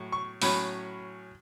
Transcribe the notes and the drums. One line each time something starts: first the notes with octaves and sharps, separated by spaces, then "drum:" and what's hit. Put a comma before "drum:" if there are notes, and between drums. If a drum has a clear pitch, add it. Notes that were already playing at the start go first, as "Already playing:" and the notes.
Already playing: A2 F#3
C#6
A2 F#3 C#4 B5, drum: open hi-hat